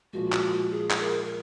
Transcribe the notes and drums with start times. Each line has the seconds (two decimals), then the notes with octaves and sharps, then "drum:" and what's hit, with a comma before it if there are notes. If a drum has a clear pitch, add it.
0.13 A#2 F3 G#3 F#4
0.32 drum: clap
0.71 G#4
0.90 drum: clap
1.00 A#4
1.25 A#4